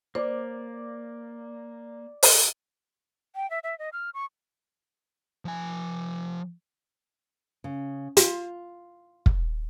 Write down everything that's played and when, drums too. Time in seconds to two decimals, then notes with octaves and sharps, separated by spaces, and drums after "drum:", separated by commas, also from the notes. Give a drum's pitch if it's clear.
0.15 A#3 C5 D5
2.23 drum: open hi-hat
3.36 G5
3.50 E5
3.64 E5
3.79 D#5
3.93 F6
4.14 C#6
5.45 F3 G#5
7.64 C#3
8.17 F4, drum: hi-hat
9.26 drum: kick